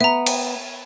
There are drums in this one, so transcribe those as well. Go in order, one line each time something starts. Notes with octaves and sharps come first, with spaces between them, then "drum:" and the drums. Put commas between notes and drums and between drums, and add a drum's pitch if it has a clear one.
B3 E5 A#5
drum: cymbal